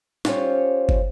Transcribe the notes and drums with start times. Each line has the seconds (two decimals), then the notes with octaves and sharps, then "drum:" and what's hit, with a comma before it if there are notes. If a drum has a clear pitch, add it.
0.25 G3 C#4 F4 C5 C#5, drum: snare
0.89 drum: kick